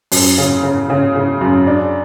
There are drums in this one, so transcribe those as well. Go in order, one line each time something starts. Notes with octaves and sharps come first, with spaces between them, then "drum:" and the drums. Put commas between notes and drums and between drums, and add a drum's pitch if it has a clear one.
F#2, drum: open hi-hat
C#3
C#3
C#3
C#3
F#2
D4